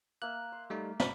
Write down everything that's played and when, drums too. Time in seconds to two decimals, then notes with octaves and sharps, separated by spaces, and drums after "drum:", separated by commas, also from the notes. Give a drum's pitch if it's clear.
0.22 A#3 E5 F#6
0.52 C6
0.70 G3 A3 D#4
1.00 B5, drum: snare